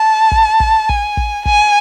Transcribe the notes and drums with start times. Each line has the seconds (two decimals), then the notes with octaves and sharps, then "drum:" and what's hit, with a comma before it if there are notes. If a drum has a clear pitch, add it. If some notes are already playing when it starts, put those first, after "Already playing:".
Already playing: A5
0.32 drum: kick
0.60 drum: kick
0.89 G#5, drum: kick
1.17 drum: kick
1.46 G#5, drum: kick